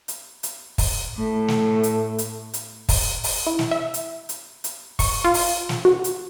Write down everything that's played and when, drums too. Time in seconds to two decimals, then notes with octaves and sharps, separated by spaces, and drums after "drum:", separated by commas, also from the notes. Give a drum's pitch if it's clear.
0.08 drum: hi-hat
0.43 drum: hi-hat
0.78 drum: kick, open hi-hat
1.16 A2 A3
1.48 drum: snare
1.83 drum: hi-hat
2.18 drum: hi-hat
2.54 drum: hi-hat
2.89 drum: kick, open hi-hat
3.24 drum: open hi-hat
3.47 E4
3.59 drum: snare
3.71 E5
3.94 drum: hi-hat
4.29 drum: hi-hat
4.64 drum: hi-hat
4.99 C#6, drum: kick, open hi-hat
5.24 F4
5.34 drum: open hi-hat
5.69 drum: snare
5.85 F#4
6.04 drum: hi-hat